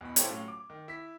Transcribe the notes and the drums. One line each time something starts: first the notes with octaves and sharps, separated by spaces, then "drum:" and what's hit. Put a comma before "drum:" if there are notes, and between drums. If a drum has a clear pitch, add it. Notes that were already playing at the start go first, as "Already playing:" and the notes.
E2 B2 B5
E4 G4 A4 C5 C#5, drum: hi-hat
A2 F#3 C#4 F4
D6
D#3
E4 B6